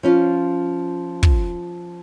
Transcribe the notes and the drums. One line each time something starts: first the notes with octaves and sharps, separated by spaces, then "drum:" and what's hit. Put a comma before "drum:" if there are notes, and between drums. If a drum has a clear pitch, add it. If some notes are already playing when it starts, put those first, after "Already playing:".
F3 C#4 F4
drum: kick